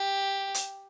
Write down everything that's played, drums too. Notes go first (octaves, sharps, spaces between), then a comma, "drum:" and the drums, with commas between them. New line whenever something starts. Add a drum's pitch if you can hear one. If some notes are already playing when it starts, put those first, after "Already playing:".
Already playing: G4
drum: hi-hat